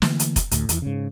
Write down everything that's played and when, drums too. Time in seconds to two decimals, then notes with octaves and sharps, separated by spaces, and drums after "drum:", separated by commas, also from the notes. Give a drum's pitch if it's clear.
0.02 D3 E3 A3 A#3, drum: snare
0.19 drum: hi-hat
0.36 drum: kick F1, hi-hat
0.51 D2 A2, drum: hi-hat
0.69 E2 E3, drum: hi-hat
0.82 G#2 C#3